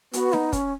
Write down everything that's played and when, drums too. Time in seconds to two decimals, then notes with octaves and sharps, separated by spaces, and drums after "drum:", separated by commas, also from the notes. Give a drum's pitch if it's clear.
0.13 B3 F#4, drum: hi-hat
0.33 D#4, drum: snare D#4
0.53 C#4, drum: kick, hi-hat